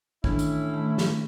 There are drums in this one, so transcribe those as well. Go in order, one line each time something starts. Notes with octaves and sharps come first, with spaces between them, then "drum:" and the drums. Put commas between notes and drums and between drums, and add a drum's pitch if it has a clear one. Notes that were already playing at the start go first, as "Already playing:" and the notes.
A2 D#3 E3 C#4 D4 E4, drum: kick
drum: hi-hat
D#3 A3
drum: snare